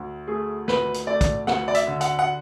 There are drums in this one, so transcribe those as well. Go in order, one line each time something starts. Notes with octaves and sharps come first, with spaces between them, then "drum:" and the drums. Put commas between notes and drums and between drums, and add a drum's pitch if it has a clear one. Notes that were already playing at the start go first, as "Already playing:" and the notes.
Already playing: D2
A3 G#4
D2 B4, drum: snare
drum: hi-hat
A3 D5
drum: kick, hi-hat
D2 F#5, drum: snare
D5
E5, drum: hi-hat
D3
F#5, drum: hi-hat
F#5